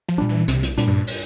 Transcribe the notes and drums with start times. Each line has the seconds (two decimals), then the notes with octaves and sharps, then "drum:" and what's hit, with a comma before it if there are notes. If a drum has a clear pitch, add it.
0.09 F3
0.18 A#2 G3 D4
0.29 E3
0.48 C2 C3, drum: hi-hat
0.63 drum: hi-hat
0.78 A#2 G3 D4, drum: hi-hat
0.88 G2
1.07 drum: open hi-hat